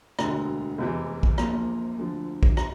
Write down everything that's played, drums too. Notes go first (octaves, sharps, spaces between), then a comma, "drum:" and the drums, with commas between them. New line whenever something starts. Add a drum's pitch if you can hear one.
E1 D2 D3 A#5, drum: rim click
F1 E2 E3
drum: kick A#1
A#1 A#2 F3 A#5, drum: rim click
D2 D3 F3
drum: kick A#1
A#5, drum: rim click